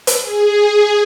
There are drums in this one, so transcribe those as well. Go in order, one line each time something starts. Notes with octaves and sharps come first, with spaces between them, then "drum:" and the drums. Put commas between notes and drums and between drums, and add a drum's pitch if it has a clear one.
drum: hi-hat
G#4